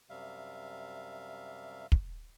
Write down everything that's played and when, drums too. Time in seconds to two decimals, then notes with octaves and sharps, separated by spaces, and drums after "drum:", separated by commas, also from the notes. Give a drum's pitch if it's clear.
0.10 F#2 C3 G3 E5 F5
1.92 drum: kick